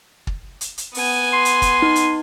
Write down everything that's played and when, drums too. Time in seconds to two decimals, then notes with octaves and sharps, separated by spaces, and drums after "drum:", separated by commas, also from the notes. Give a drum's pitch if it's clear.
0.27 drum: kick
0.61 drum: hi-hat
0.78 drum: hi-hat
0.94 B3 G#5, drum: open hi-hat
1.33 C6
1.45 drum: hi-hat
1.62 drum: kick, hi-hat
1.82 D#4
1.96 drum: hi-hat